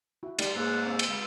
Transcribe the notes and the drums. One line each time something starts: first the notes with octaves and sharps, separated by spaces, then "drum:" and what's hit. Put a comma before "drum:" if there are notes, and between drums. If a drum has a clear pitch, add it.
E4 F#4
G3 A3 D#4, drum: cymbal
G#2 C#3 A#3 G#4 E6 F#6
C4 C#5 F5 E6
drum: cymbal
G#3 F5 B5